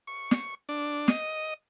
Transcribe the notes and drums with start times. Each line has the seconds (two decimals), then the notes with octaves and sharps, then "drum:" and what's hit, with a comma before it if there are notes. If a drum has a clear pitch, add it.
0.07 C#6
0.31 drum: snare
0.69 D4
1.08 D#5, drum: snare